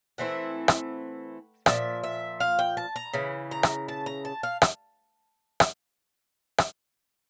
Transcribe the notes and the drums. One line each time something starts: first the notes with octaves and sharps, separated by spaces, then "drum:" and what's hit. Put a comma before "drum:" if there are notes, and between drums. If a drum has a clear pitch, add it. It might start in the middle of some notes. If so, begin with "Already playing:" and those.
E3 A3 C4 E4 F#5
drum: rim click
A#2 F3 E5, drum: rim click
E5
F5
G5
A5
A#5
C#3 E3
A#5
drum: rim click
A5
A#5
A5
F5
drum: rim click
drum: rim click
drum: rim click